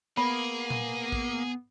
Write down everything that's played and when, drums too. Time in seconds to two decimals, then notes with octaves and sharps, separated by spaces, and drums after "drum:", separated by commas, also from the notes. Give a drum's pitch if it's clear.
0.17 A#3 B3 G#4 B5
0.70 drum: tom A#2
1.12 drum: kick A1